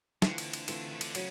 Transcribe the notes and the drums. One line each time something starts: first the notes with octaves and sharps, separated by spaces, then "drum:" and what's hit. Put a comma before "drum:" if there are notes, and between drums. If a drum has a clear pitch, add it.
D3 E3 A3 C4 F4, drum: snare
drum: cymbal
drum: cymbal
E3 A3 C4 F4, drum: cymbal
D#3
D3, drum: cymbal
C#3 F#3, drum: cymbal